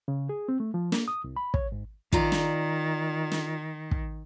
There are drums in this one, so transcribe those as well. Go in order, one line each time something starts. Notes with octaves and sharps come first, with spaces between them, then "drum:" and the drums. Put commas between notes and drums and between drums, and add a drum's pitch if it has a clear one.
C#3
G#4
C4
A3
F3
A#3, drum: snare
D#6
C2
B5
C#5, drum: kick
G#2
D#3 F4 D5 A#5, drum: kick
drum: snare
drum: snare
drum: kick